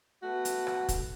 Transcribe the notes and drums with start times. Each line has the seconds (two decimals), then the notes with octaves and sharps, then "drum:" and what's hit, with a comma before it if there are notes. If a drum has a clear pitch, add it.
0.23 A3 B3 F#4
0.45 drum: hi-hat
0.67 drum: rim click
0.89 drum: kick, hi-hat